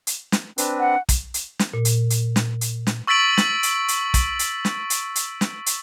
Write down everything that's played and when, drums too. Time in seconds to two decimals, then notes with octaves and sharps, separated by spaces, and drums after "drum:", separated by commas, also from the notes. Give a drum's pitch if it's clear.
0.07 drum: hi-hat
0.32 drum: snare
0.58 C4 D4 B4, drum: hi-hat
0.80 F#5
1.09 drum: kick, hi-hat
1.34 drum: hi-hat
1.59 drum: snare
1.73 A#2
1.85 drum: hi-hat
2.10 drum: hi-hat
2.36 drum: snare
2.61 drum: hi-hat
2.87 drum: snare
3.07 C#6 E6 A6 B6 D7 F#7
3.37 drum: snare
3.63 drum: hi-hat
3.88 drum: hi-hat
4.14 drum: kick, hi-hat
4.39 drum: hi-hat
4.65 drum: snare
4.90 drum: hi-hat
5.16 drum: hi-hat
5.41 drum: snare
5.66 drum: hi-hat